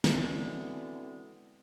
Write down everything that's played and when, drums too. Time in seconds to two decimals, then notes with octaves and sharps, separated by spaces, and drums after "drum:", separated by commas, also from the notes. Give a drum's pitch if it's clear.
0.04 B2 D3 E3 G#3 B3 C4, drum: snare